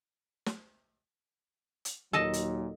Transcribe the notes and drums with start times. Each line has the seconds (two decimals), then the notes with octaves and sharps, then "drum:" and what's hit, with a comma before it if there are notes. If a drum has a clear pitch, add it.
0.46 drum: snare
1.85 drum: hi-hat
2.13 D#2 A#2 F#3 A4 D#5 A5
2.33 drum: hi-hat